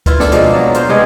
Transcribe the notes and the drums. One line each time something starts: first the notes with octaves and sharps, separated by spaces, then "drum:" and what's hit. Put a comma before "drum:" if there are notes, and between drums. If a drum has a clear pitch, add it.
E4 F4 B4, drum: kick, hi-hat
D4 A4, drum: snare
B2 F3 G#3 A#3, drum: hi-hat
F#3
F4 C5, drum: hi-hat
C3 G#3 G#4 B4